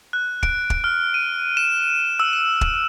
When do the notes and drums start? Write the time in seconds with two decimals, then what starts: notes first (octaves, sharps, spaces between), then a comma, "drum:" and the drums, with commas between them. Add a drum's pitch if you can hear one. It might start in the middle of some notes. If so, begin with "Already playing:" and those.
0.13 F#6
0.43 D7, drum: kick
0.70 drum: kick
0.84 F6
1.14 D#7
1.57 E7
2.20 E6
2.33 E7
2.61 drum: kick